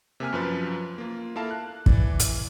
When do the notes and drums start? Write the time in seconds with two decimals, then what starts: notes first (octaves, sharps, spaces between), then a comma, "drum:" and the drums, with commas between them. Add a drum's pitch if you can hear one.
0.20 C3 A#3 G#5 F6
0.33 F#2 F3 B4
0.98 A#3 F4
1.36 A#3 E4 A4 A#4 F5 A5
1.51 F#6
1.86 E3 D5, drum: kick
2.20 drum: hi-hat